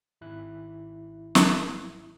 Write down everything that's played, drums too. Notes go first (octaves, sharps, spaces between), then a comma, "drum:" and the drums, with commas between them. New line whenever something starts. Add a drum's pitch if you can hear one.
G#1 E4 F#6
drum: snare